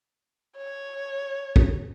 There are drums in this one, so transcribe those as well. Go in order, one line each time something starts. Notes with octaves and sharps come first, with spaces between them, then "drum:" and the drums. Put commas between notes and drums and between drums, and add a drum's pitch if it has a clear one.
C#5
drum: kick